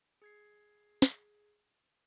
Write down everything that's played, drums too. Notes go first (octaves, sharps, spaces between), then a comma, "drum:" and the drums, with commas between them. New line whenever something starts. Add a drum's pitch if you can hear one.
G#4 G#6 C7
drum: snare